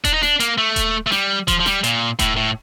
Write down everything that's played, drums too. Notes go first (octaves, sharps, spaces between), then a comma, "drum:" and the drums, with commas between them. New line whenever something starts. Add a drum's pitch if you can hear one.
D4, drum: kick D#1, hi-hat
D#4
D4, drum: snare
A#3, drum: hi-hat
A3
drum: kick D#1, hi-hat
A3
G3, drum: snare
F3, drum: kick D#1, hi-hat
F3
G3, drum: snare
A#2, drum: hi-hat
A2, drum: kick D#1, hi-hat
A2